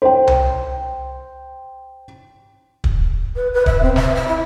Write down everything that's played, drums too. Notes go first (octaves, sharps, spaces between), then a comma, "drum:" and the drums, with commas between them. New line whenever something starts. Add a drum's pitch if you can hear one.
C5 G5
drum: tom C2
drum: kick
B4
B4
E5, drum: kick
C4
E5, drum: snare
E5
E4